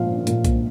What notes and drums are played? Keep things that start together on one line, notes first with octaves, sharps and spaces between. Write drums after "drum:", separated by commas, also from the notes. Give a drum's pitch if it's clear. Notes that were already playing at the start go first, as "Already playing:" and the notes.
Already playing: A#2 F3 F5
A#2, drum: hi-hat
drum: kick B1, hi-hat